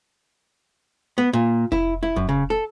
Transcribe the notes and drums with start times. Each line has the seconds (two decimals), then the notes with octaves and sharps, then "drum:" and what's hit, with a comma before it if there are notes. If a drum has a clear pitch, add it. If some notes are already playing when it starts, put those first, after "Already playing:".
1.18 B3
1.33 A#2
1.72 E4, drum: kick F1
2.03 E4
2.16 F#2, drum: kick F1
2.29 C#3
2.50 A4